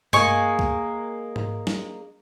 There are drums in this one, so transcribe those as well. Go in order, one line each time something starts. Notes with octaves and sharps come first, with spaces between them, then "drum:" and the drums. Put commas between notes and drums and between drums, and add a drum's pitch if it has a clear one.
G#3 A#3 G#5 C#6, drum: tom G2
drum: kick
drum: tom G#2
drum: snare